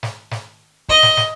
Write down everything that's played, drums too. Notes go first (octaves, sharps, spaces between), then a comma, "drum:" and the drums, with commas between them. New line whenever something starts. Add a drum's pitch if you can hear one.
drum: snare
drum: snare
D#5, drum: kick
drum: snare
drum: snare